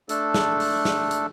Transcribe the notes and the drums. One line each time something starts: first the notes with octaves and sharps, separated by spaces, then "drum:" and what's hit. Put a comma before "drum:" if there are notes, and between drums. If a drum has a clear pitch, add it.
A3 D4 A4, drum: hi-hat
drum: snare
drum: open hi-hat
drum: snare
drum: hi-hat